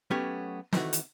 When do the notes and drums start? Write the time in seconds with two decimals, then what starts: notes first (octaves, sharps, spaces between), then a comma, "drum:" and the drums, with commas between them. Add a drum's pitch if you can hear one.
0.10 F#3 A3 B3 C#4 G4 C#5
0.73 D#3 E3 A3 F#4, drum: snare
0.93 drum: hi-hat